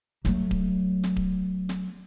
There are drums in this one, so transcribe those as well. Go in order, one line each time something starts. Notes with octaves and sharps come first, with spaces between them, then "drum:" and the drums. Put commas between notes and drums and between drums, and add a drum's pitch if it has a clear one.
F#3 A3, drum: snare
drum: kick D1
drum: snare
drum: kick D1
drum: snare